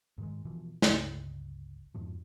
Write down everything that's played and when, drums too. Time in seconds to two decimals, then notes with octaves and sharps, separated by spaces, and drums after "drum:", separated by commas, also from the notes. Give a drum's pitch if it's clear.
0.18 G#2 D#3 G#3
0.45 B2 E3 F3
0.82 G1 C#2, drum: snare
1.95 F2 G#2 B2 F3